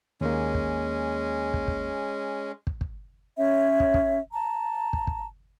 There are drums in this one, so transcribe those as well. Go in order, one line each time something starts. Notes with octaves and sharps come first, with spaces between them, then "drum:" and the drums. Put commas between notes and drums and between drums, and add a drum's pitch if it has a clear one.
D#2 G#3 A#3 C#4
drum: kick
drum: kick
drum: kick
drum: kick
drum: kick
C#4 C#5 E5
drum: kick
drum: kick
A5 A#5
drum: kick
drum: kick